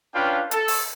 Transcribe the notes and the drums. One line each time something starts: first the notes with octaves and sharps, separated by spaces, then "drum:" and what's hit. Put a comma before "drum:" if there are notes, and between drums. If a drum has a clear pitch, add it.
C#4 D4 F4 B4 F5 G5
A4, drum: hi-hat
drum: open hi-hat